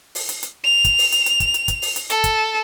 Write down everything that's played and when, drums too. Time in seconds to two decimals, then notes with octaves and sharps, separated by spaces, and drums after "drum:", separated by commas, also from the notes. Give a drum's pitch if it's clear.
0.15 drum: open hi-hat
0.29 drum: hi-hat
0.43 drum: hi-hat
0.64 F7
0.84 drum: kick, hi-hat
0.98 drum: open hi-hat
1.12 drum: hi-hat
1.26 drum: hi-hat
1.40 drum: kick, hi-hat
1.54 drum: hi-hat
1.68 drum: kick, hi-hat
1.82 drum: open hi-hat
1.96 drum: hi-hat
2.10 A4, drum: hi-hat
2.24 drum: kick, hi-hat